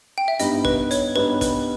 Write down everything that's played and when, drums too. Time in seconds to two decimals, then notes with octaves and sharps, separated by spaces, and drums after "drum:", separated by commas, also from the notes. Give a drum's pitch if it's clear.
0.18 G5
0.28 E5
0.39 G2 G3 B3 D#4 D#5, drum: hi-hat
0.65 B4, drum: kick
0.91 C#5, drum: hi-hat
1.16 G2 G3 B3 D#4 B4
1.41 B4, drum: kick, hi-hat